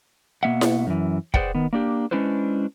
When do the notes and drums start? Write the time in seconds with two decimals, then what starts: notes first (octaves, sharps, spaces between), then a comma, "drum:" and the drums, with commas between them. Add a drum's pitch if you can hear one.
0.43 B2 A#3 E5 F#5
0.61 drum: snare E4
0.87 F#2 E3
1.34 G#4 B4 C5 D5 F#5 G5, drum: kick
1.55 D#3 B3
1.73 A#3 D4 G4
2.11 G#3 C#4 D4 E4 B4 C5